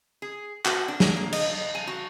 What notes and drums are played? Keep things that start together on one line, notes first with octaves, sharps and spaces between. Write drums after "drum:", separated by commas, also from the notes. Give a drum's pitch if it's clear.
G#4
F#4, drum: clap
D4
drum: snare
A#3
D#5, drum: cymbal
G#5
F#4